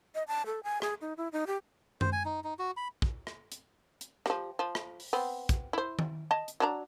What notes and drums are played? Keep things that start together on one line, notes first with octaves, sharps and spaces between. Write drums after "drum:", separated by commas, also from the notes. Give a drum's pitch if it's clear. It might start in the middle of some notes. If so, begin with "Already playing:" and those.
D#5
A5
A4
G#5
G#4, drum: rim click
D#4
E4
D#4
G4
C5, drum: tom F#2
G#5
D#4
D#4
F#4
B5
drum: kick
drum: rim click
drum: hi-hat
drum: hi-hat
F3 G3, drum: rim click
F3
drum: rim click
drum: open hi-hat
B3 C4
drum: kick, hi-hat
E4 C5
drum: tom D#3
D#5 A5
drum: hi-hat
F#3 D4 A#5